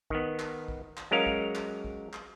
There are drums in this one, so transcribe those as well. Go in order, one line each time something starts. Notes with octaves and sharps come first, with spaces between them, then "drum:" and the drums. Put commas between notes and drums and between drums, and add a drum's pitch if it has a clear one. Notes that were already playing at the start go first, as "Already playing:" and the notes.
D#3 B3, drum: kick A1
drum: clap
drum: kick A1
drum: clap
F#3 G#3 C#4 A#4 F5
drum: kick A1
drum: clap
drum: kick A1
drum: clap